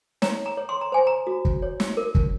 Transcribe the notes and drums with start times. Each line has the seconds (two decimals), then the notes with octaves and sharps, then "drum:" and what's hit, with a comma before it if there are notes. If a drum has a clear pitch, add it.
0.22 C#5 A#5, drum: snare
0.46 A#5
0.57 C#5
0.69 C6
0.81 A#5
0.92 C5 G#5
1.07 A#5
1.27 F#4
1.45 drum: kick
1.62 C#5
1.80 drum: snare
1.97 A#4
2.15 drum: kick